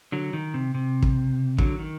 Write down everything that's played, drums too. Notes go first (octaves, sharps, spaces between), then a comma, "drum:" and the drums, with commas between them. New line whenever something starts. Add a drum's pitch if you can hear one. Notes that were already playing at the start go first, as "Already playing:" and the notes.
D3 F#3
D#3
C3
C3
drum: kick
D3 F#3, drum: kick
D#3